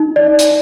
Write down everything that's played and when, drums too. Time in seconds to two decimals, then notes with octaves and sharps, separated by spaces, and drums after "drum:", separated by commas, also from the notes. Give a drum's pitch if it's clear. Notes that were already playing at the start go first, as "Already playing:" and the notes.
Already playing: D#4
0.16 D5
0.39 drum: hi-hat